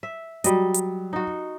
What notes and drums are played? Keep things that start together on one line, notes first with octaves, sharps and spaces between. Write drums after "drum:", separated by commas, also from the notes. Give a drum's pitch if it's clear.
E5
F#3 G3 D#5, drum: hi-hat
drum: hi-hat
D#4 F#4